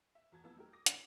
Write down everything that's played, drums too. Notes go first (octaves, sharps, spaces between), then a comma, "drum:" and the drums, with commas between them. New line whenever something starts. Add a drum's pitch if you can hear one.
E5
E2 F#4 A5 G#6
F2 E3 B3 F4 A5 E6
G3 D#4 F#4 G4 A#4
D6 D#6 A#6
A#1 C#4 D4, drum: hi-hat